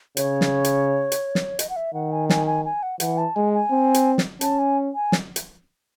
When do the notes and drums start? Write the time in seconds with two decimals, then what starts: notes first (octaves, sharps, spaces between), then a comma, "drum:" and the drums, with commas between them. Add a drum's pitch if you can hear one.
0.17 C#3 C#5, drum: hi-hat
0.41 drum: snare
0.64 drum: hi-hat
1.12 drum: hi-hat
1.35 drum: snare
1.59 D#5, drum: hi-hat
1.69 F#5
1.76 E5
1.94 D#3 F#5
2.12 G#5
2.30 G#5, drum: snare
2.47 G#5
2.65 G#5
2.83 F#5
3.00 E3 F#5, drum: hi-hat
3.18 A5
3.35 G#3 G#5
3.54 G#5
3.71 C4
3.94 drum: hi-hat
4.18 drum: snare
4.41 C#4 A5, drum: hi-hat
4.59 G#5
4.95 G#5
5.12 drum: snare
5.36 drum: hi-hat